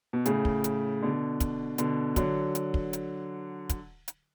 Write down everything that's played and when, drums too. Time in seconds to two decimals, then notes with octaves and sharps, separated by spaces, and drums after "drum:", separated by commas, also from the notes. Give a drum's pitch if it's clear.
0.13 B2
0.26 A2 C#3, drum: hi-hat
0.45 drum: kick
0.64 drum: hi-hat
1.02 B2 D3
1.40 drum: kick, hi-hat
1.78 B2 D3, drum: hi-hat
2.16 D3 F#3, drum: kick, hi-hat
2.55 drum: hi-hat
2.74 drum: kick
2.93 drum: hi-hat
3.69 drum: kick, hi-hat
4.08 drum: hi-hat